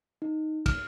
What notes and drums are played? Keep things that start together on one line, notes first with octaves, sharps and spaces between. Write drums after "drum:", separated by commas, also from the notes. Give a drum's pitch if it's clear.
D#4
F6, drum: kick, cymbal